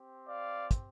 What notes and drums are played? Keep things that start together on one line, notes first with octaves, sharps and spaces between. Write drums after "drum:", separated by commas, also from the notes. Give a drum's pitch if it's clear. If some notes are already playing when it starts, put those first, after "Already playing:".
Already playing: C4 G4
D5 F5
drum: kick, hi-hat